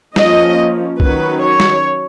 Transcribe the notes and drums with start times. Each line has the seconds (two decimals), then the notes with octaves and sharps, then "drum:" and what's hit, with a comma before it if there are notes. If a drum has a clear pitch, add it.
0.16 F3 A#3 C#4 D#5, drum: snare
1.00 D#3 F#3 C#4 B4, drum: kick C2
1.42 C#5
1.60 drum: snare